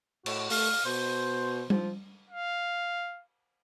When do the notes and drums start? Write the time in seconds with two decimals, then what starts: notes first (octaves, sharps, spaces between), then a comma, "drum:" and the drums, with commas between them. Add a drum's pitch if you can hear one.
0.26 A2 F#4, drum: cymbal
0.50 A3 F5, drum: open hi-hat
0.85 B2 C5
1.70 F3, drum: tom G3
2.30 F5